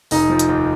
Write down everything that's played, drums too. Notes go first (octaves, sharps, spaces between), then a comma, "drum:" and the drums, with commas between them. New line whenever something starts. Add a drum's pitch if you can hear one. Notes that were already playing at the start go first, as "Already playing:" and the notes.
F1 D#4, drum: open hi-hat
F3
drum: hi-hat
D#2